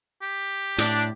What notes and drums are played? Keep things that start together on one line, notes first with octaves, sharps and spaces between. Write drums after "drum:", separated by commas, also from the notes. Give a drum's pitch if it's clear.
G4
A2 D4, drum: hi-hat